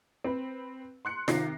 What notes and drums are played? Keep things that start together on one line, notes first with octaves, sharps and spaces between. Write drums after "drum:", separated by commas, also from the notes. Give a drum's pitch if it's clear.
C4 B4
C6 F#6 C#7
C3 D#3 A#6 C7, drum: snare F4